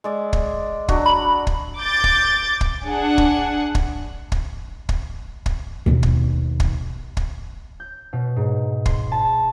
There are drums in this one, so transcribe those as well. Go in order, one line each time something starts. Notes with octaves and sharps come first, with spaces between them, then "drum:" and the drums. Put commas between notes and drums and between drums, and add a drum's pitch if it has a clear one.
G#3 D5 E5
drum: kick
F#3 D4 F#4, drum: kick
B5
drum: kick
D6 G6 A6
drum: kick
drum: kick
D4 G#4 F#5
drum: kick
drum: kick
drum: kick
drum: kick
drum: kick
D#2 B2
drum: kick
drum: kick
drum: kick
G6
B2
G#2
C6, drum: kick
A5